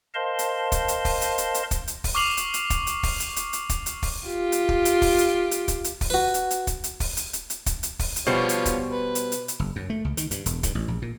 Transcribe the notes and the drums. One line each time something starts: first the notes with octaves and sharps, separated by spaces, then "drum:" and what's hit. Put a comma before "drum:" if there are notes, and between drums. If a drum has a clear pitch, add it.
A#4 C5 D#5 F5 A5 C6
drum: hi-hat
drum: kick, hi-hat
drum: hi-hat
drum: kick, open hi-hat
drum: hi-hat
drum: hi-hat
drum: hi-hat
drum: kick, hi-hat
drum: hi-hat
drum: kick, open hi-hat
C#6 D6 F6 C7 F7 F#7
drum: hi-hat
drum: hi-hat
drum: kick, hi-hat
drum: hi-hat
drum: kick, open hi-hat
drum: hi-hat
drum: hi-hat
drum: hi-hat
drum: kick, hi-hat
drum: hi-hat
drum: kick, open hi-hat
F4 G4
drum: hi-hat
drum: kick
drum: hi-hat
drum: kick, open hi-hat
drum: hi-hat
drum: hi-hat
drum: kick, hi-hat
drum: hi-hat
drum: kick, open hi-hat
F#4 B4
drum: hi-hat
drum: hi-hat
drum: kick, hi-hat
drum: hi-hat
drum: kick, open hi-hat
drum: hi-hat
drum: hi-hat
drum: hi-hat
drum: kick, hi-hat
drum: hi-hat
drum: kick, open hi-hat
drum: hi-hat
B2 F3 G3 B3 C5 C#5
drum: hi-hat
drum: kick, hi-hat
B4
drum: hi-hat
drum: hi-hat
drum: hi-hat
F#1
F#2
A3
C#2
D#3, drum: hi-hat
G2, drum: hi-hat
E1, drum: hi-hat
G2, drum: kick, hi-hat
A1
A#1
A#2